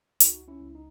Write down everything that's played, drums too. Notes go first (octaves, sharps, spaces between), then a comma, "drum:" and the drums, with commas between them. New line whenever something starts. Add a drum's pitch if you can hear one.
C#2 D#4 F#4, drum: hi-hat
C#4 E4
C#2
D#4